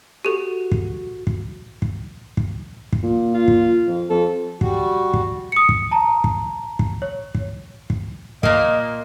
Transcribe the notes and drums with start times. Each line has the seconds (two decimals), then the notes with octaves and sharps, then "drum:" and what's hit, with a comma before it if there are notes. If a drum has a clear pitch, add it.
0.25 F#4 G4 A4
0.72 drum: kick
1.27 drum: kick
1.82 drum: kick
2.37 drum: kick
2.93 drum: kick
3.03 A#2
3.34 F4
3.48 drum: kick
3.87 F2
4.10 F2 A4
4.61 G3 F#4, drum: kick
5.14 drum: kick
5.52 D#6 C#7
5.69 drum: kick
5.91 A5 A#5
6.24 drum: kick
6.79 drum: kick
7.02 C#5
7.35 drum: kick
7.90 drum: kick
8.43 A#2 A#3 D#5, drum: kick